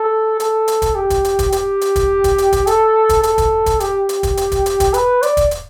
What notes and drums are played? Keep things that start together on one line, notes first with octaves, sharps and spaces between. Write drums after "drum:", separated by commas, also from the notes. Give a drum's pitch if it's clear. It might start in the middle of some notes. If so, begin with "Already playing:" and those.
Already playing: A4
A4, drum: hi-hat
drum: hi-hat
drum: kick, hi-hat
G4
drum: kick, hi-hat
drum: hi-hat
drum: kick, hi-hat
G4, drum: hi-hat
drum: hi-hat
drum: kick, hi-hat
drum: kick, hi-hat
drum: hi-hat
drum: kick, hi-hat
A4, drum: hi-hat
drum: kick, hi-hat
A4, drum: hi-hat
drum: kick, hi-hat
drum: kick, hi-hat
G4, drum: hi-hat
drum: hi-hat
drum: kick, hi-hat
drum: hi-hat
drum: kick, hi-hat
drum: hi-hat
drum: kick, hi-hat
B4, drum: hi-hat
D5, drum: hi-hat
drum: kick, hi-hat
drum: hi-hat